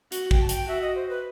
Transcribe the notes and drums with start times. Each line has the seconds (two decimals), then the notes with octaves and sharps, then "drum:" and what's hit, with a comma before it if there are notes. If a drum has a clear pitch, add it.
0.12 F#4, drum: hi-hat
0.31 G5, drum: kick
0.41 A5
0.49 G5, drum: hi-hat
0.67 F#4 E5
0.81 D#5
0.95 C5
1.09 B4